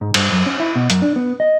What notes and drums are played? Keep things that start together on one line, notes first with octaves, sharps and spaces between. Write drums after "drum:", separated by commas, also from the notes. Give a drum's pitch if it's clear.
G#2
G2, drum: cymbal
F#2
C#4
E4
B2
F#2, drum: hi-hat
D4
B3
D#5